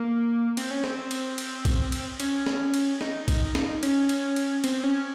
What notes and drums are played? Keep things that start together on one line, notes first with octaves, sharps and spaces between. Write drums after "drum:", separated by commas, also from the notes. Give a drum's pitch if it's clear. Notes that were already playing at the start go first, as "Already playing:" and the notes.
Already playing: A#3
C4, drum: cymbal
C#4
C4, drum: snare
drum: cymbal
drum: cymbal
drum: kick A#1, cymbal
drum: cymbal
C#4, drum: cymbal
drum: snare
drum: cymbal
D#4, drum: snare
drum: kick A#1, cymbal
drum: snare
C#4, drum: cymbal
drum: cymbal
drum: cymbal
C4, drum: cymbal
C#4